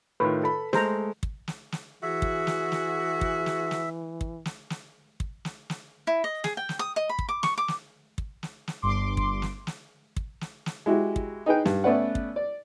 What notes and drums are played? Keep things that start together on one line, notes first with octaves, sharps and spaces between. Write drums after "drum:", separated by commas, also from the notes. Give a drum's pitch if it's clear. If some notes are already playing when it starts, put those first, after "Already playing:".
A2 D#3 F4 B4
A4 B5
G#3 A3 C5 A#5, drum: snare
drum: kick
drum: snare
drum: snare
E3 F#4 G#4 E5
drum: kick
drum: snare
drum: snare
drum: kick
drum: snare
drum: snare
drum: kick
drum: snare
drum: snare
drum: kick
drum: snare
drum: snare
E4
D#5
G#4, drum: snare
G5
drum: snare
D#6
D#5
B5
drum: kick
D6
C#6, drum: snare
D6
drum: snare
drum: kick
drum: snare
drum: snare
G1 G2 C6 D6
drum: kick
drum: snare
drum: snare
drum: kick
drum: snare
drum: snare
G#3 E4 F#4 G4
drum: kick
D#4 G#4 B4 G5
G2, drum: snare
A3 B3 C#4 B4 D5 F#5
drum: kick
D5